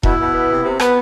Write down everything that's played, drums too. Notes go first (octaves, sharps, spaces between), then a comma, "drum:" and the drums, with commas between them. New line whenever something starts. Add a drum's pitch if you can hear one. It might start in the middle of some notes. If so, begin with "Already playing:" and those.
B2 E4, drum: kick E1
B2
B3
C3
C3
B3, drum: rim click